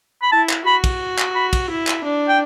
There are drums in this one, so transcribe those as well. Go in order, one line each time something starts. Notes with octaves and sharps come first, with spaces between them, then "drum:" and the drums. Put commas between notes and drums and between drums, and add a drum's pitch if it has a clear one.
B5
E4 A5
drum: clap
F#4 B5
drum: kick, cymbal
drum: clap
B5
drum: kick, cymbal
E4
drum: clap
D4
G5